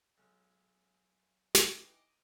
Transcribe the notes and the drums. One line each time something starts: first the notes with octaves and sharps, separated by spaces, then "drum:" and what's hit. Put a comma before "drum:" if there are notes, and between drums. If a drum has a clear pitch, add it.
B1 G#3 C#4
E3 D#4 G4 D#5 A5 D6, drum: snare